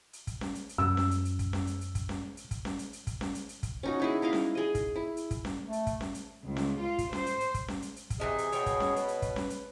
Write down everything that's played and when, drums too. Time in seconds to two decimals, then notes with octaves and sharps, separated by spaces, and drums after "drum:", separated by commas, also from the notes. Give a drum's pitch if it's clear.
0.13 drum: hi-hat
0.27 drum: kick, hi-hat
0.41 drum: snare C#4
0.55 drum: hi-hat
0.69 drum: hi-hat
0.78 F#2 E6
0.97 drum: snare C#4
1.11 drum: hi-hat
1.25 drum: hi-hat
1.39 drum: kick, hi-hat
1.53 drum: snare C#4
1.67 drum: hi-hat
1.81 drum: hi-hat
1.95 drum: kick, hi-hat
2.09 drum: snare C#4
2.37 drum: hi-hat
2.51 drum: kick, hi-hat
2.65 drum: snare C#4
2.79 drum: hi-hat
2.93 drum: hi-hat
3.07 drum: kick, hi-hat
3.21 drum: snare C#4
3.35 drum: hi-hat
3.49 drum: hi-hat
3.63 drum: kick, hi-hat
3.83 C#4 D#4 F#4
4.00 D#4 E4 G#4
4.22 D#4 E4 D#5 F5
4.33 drum: snare C#4
4.55 G#4 D#5
4.75 drum: kick, hi-hat
4.96 E4
5.17 drum: hi-hat
5.31 drum: kick, hi-hat
5.45 drum: snare C#4
5.63 A3
5.73 drum: hi-hat
5.87 drum: kick, hi-hat
6.01 drum: snare C#4
6.15 drum: hi-hat
6.46 C#2
6.57 drum: snare C#4
6.79 F4
6.98 drum: kick, hi-hat
7.13 C5, drum: snare C#4
7.26 drum: hi-hat
7.40 drum: hi-hat
7.54 drum: kick, hi-hat
7.68 drum: snare C#4
7.82 drum: hi-hat
7.96 drum: hi-hat
8.10 drum: kick, hi-hat
8.20 C3 E3 F3 G#4 D#5
8.38 drum: hi-hat
8.52 B2 C#5 G5, drum: hi-hat
8.66 drum: kick, hi-hat
8.80 drum: snare C#4
8.96 B4, drum: hi-hat
9.08 drum: hi-hat
9.22 drum: kick, hi-hat
9.36 drum: snare C#4
9.50 drum: hi-hat